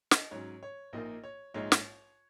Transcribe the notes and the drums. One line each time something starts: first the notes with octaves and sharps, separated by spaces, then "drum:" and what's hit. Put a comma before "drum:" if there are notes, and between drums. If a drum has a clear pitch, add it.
D#5, drum: snare
G#2 F#3 C#4 C#5
C#5
A#1 A#2 A#3 D#4 D#5
C#5
A#1 G#2 G#3 D#4 C#5
drum: snare